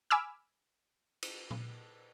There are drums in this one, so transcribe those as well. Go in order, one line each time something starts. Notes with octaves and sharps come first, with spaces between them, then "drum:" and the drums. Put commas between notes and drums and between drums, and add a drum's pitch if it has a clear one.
G#5 B5 D6 E6 F6
drum: cymbal
drum: tom A#2